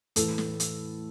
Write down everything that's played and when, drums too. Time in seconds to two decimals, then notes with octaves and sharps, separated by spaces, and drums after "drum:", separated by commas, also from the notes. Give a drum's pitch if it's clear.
0.16 A2 E3 A4, drum: hi-hat
0.38 drum: snare
0.60 drum: hi-hat